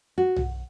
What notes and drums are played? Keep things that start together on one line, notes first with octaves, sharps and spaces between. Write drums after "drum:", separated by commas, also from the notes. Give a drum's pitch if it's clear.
F#4
drum: tom